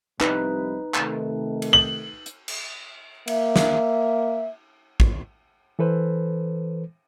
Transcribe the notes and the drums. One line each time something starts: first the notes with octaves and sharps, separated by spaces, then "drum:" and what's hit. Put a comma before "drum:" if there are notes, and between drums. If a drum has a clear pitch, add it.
C2 C3 F3 D#4 B4, drum: clap
C3 D#3 A3, drum: clap
drum: cymbal
F#7
drum: hi-hat
drum: cymbal
A#3 E5, drum: cymbal
drum: snare
drum: kick
E3 A4 B4 C5